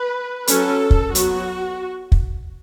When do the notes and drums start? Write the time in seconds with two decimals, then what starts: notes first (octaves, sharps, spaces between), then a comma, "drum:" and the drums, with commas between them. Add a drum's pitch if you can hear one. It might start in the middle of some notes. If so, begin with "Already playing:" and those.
Already playing: B4
0.47 F#3 C#4 A4, drum: hi-hat
0.91 drum: kick
1.15 F#3 B3 F#4, drum: hi-hat
2.12 drum: kick